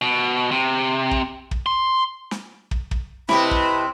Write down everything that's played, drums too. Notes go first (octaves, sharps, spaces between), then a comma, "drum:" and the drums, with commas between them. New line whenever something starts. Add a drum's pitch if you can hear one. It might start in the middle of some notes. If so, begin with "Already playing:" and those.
B2
C3
drum: kick
drum: kick
C6
drum: snare
drum: kick
drum: kick
C3 C4 E4 G4 B4 D#5 A5 B5, drum: snare
drum: kick